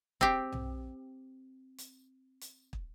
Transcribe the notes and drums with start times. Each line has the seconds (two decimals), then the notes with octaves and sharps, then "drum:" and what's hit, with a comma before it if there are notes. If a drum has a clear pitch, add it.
0.21 C4 G4, drum: kick
0.52 drum: tom B1
1.78 drum: hi-hat
2.41 drum: hi-hat
2.73 drum: kick